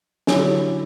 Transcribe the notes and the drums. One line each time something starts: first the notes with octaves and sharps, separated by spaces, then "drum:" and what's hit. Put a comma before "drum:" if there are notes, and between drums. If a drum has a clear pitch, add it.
D3 F#3 C#4 E4 G4, drum: snare